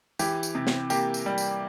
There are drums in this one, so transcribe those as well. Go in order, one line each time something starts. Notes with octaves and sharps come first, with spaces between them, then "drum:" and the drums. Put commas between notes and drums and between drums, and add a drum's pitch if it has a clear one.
E3 G4, drum: tambourine
drum: tambourine
C3
drum: snare
A#3 G4, drum: tambourine
drum: tambourine
G3
drum: tambourine